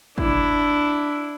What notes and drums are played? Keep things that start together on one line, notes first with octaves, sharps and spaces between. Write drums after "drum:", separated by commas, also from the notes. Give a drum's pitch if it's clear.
D4 E4, drum: kick